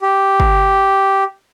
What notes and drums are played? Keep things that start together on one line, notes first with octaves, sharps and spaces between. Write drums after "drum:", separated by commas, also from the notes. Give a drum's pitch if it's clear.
G4
drum: kick